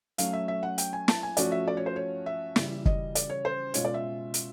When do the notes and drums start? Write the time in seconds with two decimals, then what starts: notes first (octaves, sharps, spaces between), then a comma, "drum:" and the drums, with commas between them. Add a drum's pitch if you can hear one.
0.18 F#3 A3 C#4 F5, drum: hi-hat
0.33 E5
0.48 E5
0.63 F#5
0.78 G5, drum: hi-hat
0.93 G#5
1.08 A5, drum: snare
1.23 G#5
1.37 F3 A3 C#4 F#4 D5, drum: hi-hat
1.52 E5
1.68 D5
1.77 C#5
1.86 C5
1.96 C#5
2.26 E5
2.56 C#3 E3 G3, drum: snare
2.86 D#5, drum: kick
3.15 D5, drum: hi-hat
3.30 C#5
3.45 C5
3.74 B2 G#3 C#4 F4 C#5, drum: hi-hat
3.85 D5
3.94 E5
4.34 drum: hi-hat